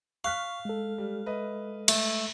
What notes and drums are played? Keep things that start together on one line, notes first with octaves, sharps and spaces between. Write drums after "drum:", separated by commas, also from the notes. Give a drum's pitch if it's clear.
F5 C#6 F6 F#6 B6
G#3 A4
G3
B4 D#5 E5
A3, drum: cymbal